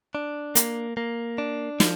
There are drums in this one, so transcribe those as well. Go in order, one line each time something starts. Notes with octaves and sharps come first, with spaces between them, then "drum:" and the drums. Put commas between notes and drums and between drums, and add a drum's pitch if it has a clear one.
D4
A#3, drum: hi-hat
A#3
D4
F3, drum: snare